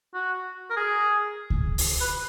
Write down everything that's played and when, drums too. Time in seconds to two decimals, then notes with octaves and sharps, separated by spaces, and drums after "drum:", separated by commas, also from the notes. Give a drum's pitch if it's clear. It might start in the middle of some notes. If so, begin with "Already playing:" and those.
0.15 F#4
0.70 A#4
0.77 G#4
1.50 drum: kick C#2
1.78 drum: open hi-hat
2.01 B4